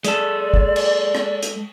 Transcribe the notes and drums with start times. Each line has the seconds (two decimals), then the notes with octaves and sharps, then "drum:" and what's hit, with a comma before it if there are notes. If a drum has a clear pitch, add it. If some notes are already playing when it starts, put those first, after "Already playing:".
0.04 G#3 A4 D5, drum: hi-hat
0.54 drum: kick
0.76 drum: cymbal
1.15 drum: rim click
1.43 drum: hi-hat